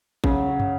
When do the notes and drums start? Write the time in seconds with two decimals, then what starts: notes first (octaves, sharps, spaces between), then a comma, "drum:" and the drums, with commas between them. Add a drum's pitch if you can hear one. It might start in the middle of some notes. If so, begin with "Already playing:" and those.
0.24 C#3 F#3, drum: kick A1
0.48 C#5
0.60 drum: tom